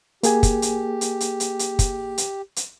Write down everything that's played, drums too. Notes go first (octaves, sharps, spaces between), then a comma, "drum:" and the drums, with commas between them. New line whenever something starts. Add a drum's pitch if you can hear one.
A#3 G4 G#4 G#5, drum: hi-hat
drum: kick, hi-hat
drum: hi-hat
drum: hi-hat
drum: hi-hat
drum: hi-hat
drum: hi-hat
drum: kick, hi-hat
drum: hi-hat
drum: hi-hat